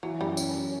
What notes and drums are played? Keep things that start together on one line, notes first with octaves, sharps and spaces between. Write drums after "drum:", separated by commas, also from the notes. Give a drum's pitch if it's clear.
E3 F#3
F#2 G3
C#4, drum: tambourine
F#3